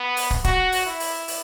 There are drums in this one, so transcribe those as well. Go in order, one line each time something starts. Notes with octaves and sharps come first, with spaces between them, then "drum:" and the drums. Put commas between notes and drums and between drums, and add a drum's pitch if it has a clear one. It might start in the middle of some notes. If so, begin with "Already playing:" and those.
Already playing: B3
drum: open hi-hat
drum: kick
F#4, drum: kick, hi-hat
drum: open hi-hat
E4
drum: open hi-hat
drum: open hi-hat